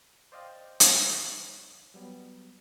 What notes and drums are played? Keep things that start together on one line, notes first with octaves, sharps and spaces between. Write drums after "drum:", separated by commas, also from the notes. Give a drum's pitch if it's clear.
C5 D5 D#5 F5 G5
drum: hi-hat
F#3 G3 B3